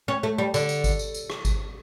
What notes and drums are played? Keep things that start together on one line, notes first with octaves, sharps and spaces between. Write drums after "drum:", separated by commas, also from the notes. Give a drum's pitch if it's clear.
C#4
A3
G3
D3, drum: tambourine
drum: tambourine
drum: kick G#1, tambourine
drum: tambourine
drum: tambourine
drum: rim click
drum: kick G#1, tambourine